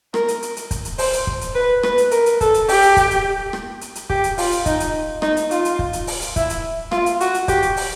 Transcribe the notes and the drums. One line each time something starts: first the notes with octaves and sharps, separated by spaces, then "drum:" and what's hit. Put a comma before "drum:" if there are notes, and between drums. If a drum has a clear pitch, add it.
A#4, drum: rim click
drum: hi-hat
drum: hi-hat
drum: hi-hat
drum: kick, hi-hat
drum: hi-hat
C5, drum: open hi-hat
drum: hi-hat
drum: kick
drum: hi-hat
B4
B4, drum: rim click
drum: hi-hat
A#4, drum: hi-hat
drum: hi-hat
A4, drum: kick, hi-hat
drum: hi-hat
G4, drum: open hi-hat
drum: hi-hat
drum: kick, hi-hat
drum: hi-hat
drum: rim click
drum: hi-hat
drum: hi-hat
G4, drum: kick
drum: hi-hat
F4, drum: open hi-hat
drum: hi-hat
D#4, drum: kick, hi-hat
drum: hi-hat
D#4, drum: rim click
drum: hi-hat
F4, drum: hi-hat
drum: hi-hat
drum: kick
drum: hi-hat
drum: open hi-hat
drum: hi-hat
E4, drum: kick, hi-hat
drum: hi-hat
F4, drum: rim click
drum: hi-hat
F#4, drum: hi-hat
drum: hi-hat
G4, drum: kick, hi-hat
drum: hi-hat
drum: open hi-hat